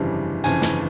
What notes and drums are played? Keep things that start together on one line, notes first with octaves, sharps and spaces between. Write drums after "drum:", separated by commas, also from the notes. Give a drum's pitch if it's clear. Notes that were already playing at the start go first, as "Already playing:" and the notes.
Already playing: G1 F2 C#3 E3 G3
G1 F2 C#3 E3 G#5, drum: tambourine
drum: snare